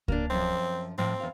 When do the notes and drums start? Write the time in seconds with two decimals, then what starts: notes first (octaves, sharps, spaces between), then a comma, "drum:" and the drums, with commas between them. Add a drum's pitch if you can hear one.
0.08 A#3 B3 D4, drum: kick C#2
0.30 F#2 F3 C4
0.98 A2 F3 C4
1.20 E2 F5